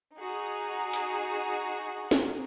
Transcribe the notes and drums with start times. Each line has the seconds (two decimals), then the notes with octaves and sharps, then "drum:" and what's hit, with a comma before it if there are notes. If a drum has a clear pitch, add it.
0.17 D#4 F#4 G#4
0.93 drum: hi-hat
2.11 drum: snare